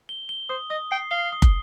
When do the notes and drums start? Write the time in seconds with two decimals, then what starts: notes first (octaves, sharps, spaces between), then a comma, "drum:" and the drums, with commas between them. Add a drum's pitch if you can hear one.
0.09 G7
0.29 G7
0.49 C5 D#6
0.70 D#5 D#6
0.91 G5 C7
1.11 F5 G7
1.32 D#6
1.42 drum: kick